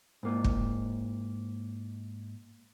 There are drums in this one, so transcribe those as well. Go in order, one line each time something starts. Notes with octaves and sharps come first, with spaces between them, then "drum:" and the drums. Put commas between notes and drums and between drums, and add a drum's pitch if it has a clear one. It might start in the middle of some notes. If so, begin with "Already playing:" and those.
G#2 A#3
drum: kick